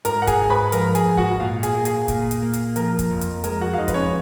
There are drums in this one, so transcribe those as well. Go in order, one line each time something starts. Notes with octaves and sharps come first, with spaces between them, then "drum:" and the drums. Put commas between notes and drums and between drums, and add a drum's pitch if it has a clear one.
G#2 A#4 A#5, drum: hi-hat
F#5
G#4 G#5, drum: kick, hi-hat
G#2
B4 B5
F3 A#4 A#5, drum: hi-hat
G#4 G#5, drum: hi-hat
G#2
F#4 F#5, drum: kick
A#2 F4 F5
G#4 G#5, drum: hi-hat
A#3
G#4 G#5, drum: hi-hat
A#2, drum: kick, hi-hat
drum: hi-hat
A#3
drum: hi-hat
F3 A#4 A#5, drum: hi-hat
drum: kick, hi-hat
F2
drum: hi-hat
G#3 A#4 A#5, drum: hi-hat
F#4 F#5
F5
F2 D#4 D#5
B4, drum: kick, hi-hat
C#4 C#5